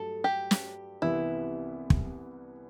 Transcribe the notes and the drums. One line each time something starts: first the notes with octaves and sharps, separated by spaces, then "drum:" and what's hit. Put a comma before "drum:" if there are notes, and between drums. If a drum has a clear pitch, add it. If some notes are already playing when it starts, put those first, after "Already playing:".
Already playing: G2 F#3 A3 A4
G4
drum: snare
C2 C3 E3 B3 E4
drum: kick